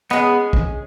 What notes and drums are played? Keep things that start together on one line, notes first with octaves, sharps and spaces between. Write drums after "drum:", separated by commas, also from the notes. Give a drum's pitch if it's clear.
G#3 B3 C#4 G#4
drum: kick B1